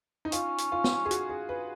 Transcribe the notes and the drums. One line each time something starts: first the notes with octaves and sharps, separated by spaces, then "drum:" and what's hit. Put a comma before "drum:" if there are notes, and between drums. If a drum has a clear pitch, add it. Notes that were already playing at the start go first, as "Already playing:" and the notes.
D#4
C#4 F4, drum: hi-hat
drum: hi-hat
F4
drum: snare
G#4
F#4, drum: hi-hat
G#4
B4